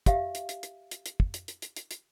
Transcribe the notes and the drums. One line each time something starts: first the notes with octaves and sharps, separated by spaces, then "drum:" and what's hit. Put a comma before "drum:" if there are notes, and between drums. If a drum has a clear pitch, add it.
G4 E5 F5, drum: kick, hi-hat
drum: hi-hat
drum: hi-hat
drum: hi-hat
drum: hi-hat
drum: hi-hat
drum: kick
drum: hi-hat
drum: hi-hat
drum: hi-hat
drum: hi-hat
drum: hi-hat